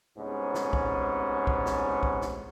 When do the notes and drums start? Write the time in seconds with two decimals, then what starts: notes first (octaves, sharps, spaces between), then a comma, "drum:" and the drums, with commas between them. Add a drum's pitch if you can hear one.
0.18 C2 G#2 B3 C#4
0.55 drum: snare
0.73 drum: kick
1.47 drum: kick
1.66 drum: snare
2.03 drum: kick
2.21 drum: snare